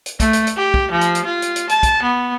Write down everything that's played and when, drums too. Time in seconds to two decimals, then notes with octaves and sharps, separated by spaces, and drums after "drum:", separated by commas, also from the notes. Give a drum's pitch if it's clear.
0.06 drum: hi-hat
0.20 A3, drum: kick, hi-hat
0.33 drum: hi-hat
0.47 drum: hi-hat
0.57 G4
0.74 drum: kick
0.91 F3
1.01 drum: hi-hat
1.15 drum: hi-hat
1.25 F4
1.42 drum: hi-hat
1.56 drum: hi-hat
1.69 A5, drum: hi-hat
1.83 drum: kick, hi-hat
2.02 B3